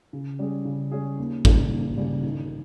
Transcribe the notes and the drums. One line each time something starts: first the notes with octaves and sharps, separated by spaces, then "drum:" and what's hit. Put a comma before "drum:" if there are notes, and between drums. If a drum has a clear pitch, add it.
C#3
G3 C#4 G#4
C#3
G3 C#4 G#4
D#2
C#3 G3, drum: kick
D#2
C#3 G3
D#3